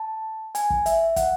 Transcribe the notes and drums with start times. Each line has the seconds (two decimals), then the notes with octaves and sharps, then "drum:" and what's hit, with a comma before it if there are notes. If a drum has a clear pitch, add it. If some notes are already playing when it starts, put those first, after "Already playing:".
Already playing: A5
0.55 G#5, drum: hi-hat
0.70 drum: kick
0.86 E5, drum: hi-hat
1.16 F#5, drum: kick, hi-hat